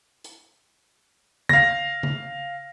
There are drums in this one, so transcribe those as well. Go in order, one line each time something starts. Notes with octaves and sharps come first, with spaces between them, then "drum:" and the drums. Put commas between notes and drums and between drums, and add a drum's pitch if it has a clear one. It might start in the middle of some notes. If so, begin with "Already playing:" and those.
drum: hi-hat
F5 A#6, drum: tom C#3
drum: tom C#3